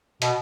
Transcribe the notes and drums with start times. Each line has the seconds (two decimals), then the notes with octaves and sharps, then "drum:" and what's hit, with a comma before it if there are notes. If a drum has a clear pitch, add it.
0.22 B2, drum: hi-hat